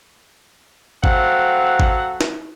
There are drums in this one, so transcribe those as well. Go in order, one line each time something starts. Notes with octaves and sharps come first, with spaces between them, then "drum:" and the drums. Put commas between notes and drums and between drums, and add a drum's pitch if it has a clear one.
F#3 C4 A4 F5 F#5, drum: kick G#1
drum: kick G#1
drum: snare